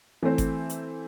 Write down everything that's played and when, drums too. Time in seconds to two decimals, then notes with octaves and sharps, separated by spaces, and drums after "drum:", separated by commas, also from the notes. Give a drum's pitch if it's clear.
0.23 E3 A3 C4
0.38 drum: kick G1, hi-hat
0.70 drum: hi-hat